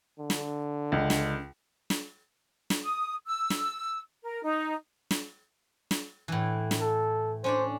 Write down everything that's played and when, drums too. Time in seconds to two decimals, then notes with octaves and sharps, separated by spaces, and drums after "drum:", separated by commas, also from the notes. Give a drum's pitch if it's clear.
0.19 D3
0.30 drum: snare
0.92 C#2
1.10 drum: snare
1.90 drum: snare
2.70 drum: snare
2.84 D#6
3.27 E6
3.50 drum: snare
4.24 A#4
4.44 D#4
5.11 drum: snare
5.91 drum: snare
6.28 A2 E3
6.71 drum: snare
6.81 A4
7.44 C#4 D4 C5 D5